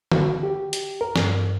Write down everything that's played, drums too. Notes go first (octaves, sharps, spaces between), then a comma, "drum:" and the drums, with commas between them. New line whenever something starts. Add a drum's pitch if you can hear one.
F#4, drum: tom D3
G4
drum: hi-hat
A#4
G2, drum: snare